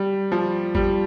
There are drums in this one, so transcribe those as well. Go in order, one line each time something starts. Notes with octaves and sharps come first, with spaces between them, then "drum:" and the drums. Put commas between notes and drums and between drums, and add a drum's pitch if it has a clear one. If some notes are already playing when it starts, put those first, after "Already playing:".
Already playing: G3
F3
G3, drum: kick G#1